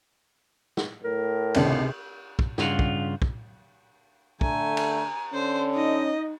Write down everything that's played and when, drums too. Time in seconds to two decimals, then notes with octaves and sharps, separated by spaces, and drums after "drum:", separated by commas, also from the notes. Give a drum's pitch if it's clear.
0.77 drum: snare
1.04 A2 A#4
1.54 G#1 C#2 C3 D4, drum: cymbal
2.39 drum: kick
2.58 G2 C#3 F4 F#5, drum: snare
2.79 drum: kick
3.22 drum: kick
4.41 D3 A3 G#5 A#5, drum: kick
4.77 drum: cymbal
5.34 D3 C#4 C5
5.75 D#4 D#5